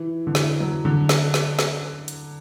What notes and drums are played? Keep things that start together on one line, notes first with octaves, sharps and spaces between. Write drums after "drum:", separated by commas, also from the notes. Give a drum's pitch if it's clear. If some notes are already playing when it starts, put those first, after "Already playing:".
Already playing: E3
D3
E3, drum: snare
F#3
D3
drum: snare
drum: snare
drum: snare
drum: hi-hat